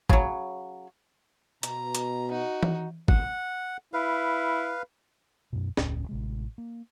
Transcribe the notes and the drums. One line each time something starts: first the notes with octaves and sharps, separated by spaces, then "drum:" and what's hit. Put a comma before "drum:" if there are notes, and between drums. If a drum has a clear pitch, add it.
C#3 F#3, drum: kick
B2 A#5, drum: hi-hat
drum: hi-hat
D#4 F#4
drum: tom E3
F#5, drum: kick
E4 B4 F5
F#2 B2
E1 C#2 A2 C#4, drum: snare
A1 C3 G#3
A#3